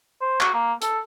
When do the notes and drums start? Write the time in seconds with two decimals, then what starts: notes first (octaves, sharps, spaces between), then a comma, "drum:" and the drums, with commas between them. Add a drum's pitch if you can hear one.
0.21 C5
0.40 F#4, drum: clap
0.54 A#3
0.82 A4, drum: hi-hat